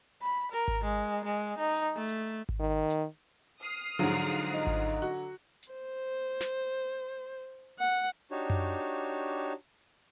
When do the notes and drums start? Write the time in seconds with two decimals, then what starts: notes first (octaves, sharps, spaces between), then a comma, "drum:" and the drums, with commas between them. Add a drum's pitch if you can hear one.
0.22 B5
0.52 A#4
0.68 drum: kick G#1
0.84 G#3
1.25 G#3
1.59 D#4
1.76 drum: open hi-hat
1.96 A3
2.09 drum: hi-hat
2.49 drum: kick G#1
2.60 D#3
2.90 drum: hi-hat
3.62 D#6 F6 C7
3.99 G#2 D3 F3 F#3
4.54 D#4
4.67 drum: kick G#1
4.89 drum: open hi-hat
5.02 F#4
5.63 drum: hi-hat
5.72 C5
6.41 drum: snare
7.79 F#5
8.31 D4 D#4 F#4 G4 C#5
8.50 drum: tom F#2